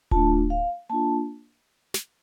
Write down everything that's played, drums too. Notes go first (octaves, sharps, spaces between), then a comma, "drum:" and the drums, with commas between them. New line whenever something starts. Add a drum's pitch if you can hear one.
A3 D4 F4 A5, drum: kick D1
F5
A#3 D4 F4 A5
drum: snare